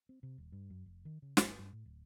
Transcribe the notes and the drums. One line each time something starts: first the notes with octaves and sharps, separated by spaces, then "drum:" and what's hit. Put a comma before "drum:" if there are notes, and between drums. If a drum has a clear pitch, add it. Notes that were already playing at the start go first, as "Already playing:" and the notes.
C4
C3
D#1
G2
F#2
F1
D#3
C#3
G1, drum: snare
G2
A2
D1